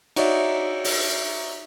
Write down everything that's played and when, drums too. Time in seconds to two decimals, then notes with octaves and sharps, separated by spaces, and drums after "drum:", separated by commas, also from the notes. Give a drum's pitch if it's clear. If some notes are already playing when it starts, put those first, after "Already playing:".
0.16 D#4 F#4 C#5 D5 E5, drum: cymbal
0.84 drum: open hi-hat